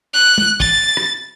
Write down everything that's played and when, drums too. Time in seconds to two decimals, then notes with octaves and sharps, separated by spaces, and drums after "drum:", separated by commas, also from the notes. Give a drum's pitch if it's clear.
0.13 F#6
0.38 drum: tom
0.60 A6, drum: kick
0.97 drum: rim click